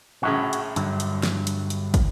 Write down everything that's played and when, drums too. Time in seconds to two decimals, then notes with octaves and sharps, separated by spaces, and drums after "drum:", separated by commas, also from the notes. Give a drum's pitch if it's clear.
0.23 A#1 A2 C#3 F#4
0.53 drum: hi-hat
0.76 G2 D3 F#3, drum: hi-hat
1.00 drum: hi-hat
1.23 drum: snare
1.47 drum: hi-hat
1.70 drum: hi-hat
1.94 drum: kick, hi-hat